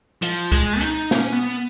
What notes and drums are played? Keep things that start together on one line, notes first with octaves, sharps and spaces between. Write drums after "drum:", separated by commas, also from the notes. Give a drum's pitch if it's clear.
F3, drum: hi-hat
G#3, drum: kick C#2, hi-hat
D#4, drum: hi-hat
C#4, drum: snare
B3